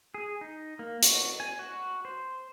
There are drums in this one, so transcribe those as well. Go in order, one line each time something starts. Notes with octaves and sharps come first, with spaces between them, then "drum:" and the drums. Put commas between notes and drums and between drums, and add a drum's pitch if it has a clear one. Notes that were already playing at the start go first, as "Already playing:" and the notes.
G#4
D#4
A#3
F#4, drum: hi-hat
G#5
F#4
C5